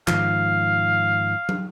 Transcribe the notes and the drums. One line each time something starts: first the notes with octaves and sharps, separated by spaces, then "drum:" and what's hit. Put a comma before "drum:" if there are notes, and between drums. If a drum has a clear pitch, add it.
G#2 D#3 F3 F5, drum: clap
drum: tom